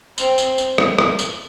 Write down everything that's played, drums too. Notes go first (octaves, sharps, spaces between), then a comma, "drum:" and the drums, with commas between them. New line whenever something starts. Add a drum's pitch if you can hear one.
C4, drum: tambourine
drum: tambourine
drum: tambourine
drum: rim click
drum: rim click
drum: tambourine